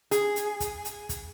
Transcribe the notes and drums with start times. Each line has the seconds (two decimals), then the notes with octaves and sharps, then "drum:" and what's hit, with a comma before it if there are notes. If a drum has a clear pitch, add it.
0.11 G#4, drum: hi-hat
0.36 drum: hi-hat
0.60 drum: kick, hi-hat
0.85 drum: hi-hat
1.09 drum: kick, hi-hat